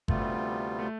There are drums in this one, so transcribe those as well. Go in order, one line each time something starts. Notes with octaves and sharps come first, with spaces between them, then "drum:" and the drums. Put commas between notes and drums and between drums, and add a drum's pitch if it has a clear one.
D2 C3 G3 A3 B3 F4, drum: kick G1
A3